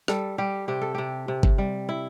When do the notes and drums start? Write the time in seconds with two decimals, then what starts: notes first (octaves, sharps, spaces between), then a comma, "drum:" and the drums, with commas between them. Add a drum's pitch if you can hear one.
0.08 G3 A4, drum: rim click
0.38 G3 G4
0.68 C3 G4
0.82 A4
0.95 C3 G4
1.28 C3
1.43 drum: kick G1
1.58 G3
1.89 E4